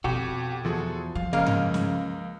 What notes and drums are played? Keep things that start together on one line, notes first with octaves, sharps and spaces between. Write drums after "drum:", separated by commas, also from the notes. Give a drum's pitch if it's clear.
F2 B2 F#4 G4
E2 F3 F#4 G#4 A4
F3 F5
C#2 C#3 A#3 A#4 D#5 F5
drum: tom G2
drum: snare